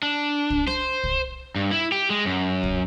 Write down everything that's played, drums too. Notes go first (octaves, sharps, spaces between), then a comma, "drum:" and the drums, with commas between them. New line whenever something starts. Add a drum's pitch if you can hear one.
D4
drum: kick
C5, drum: rim click
drum: kick
G2
E4
G4
G#3
F#2
drum: kick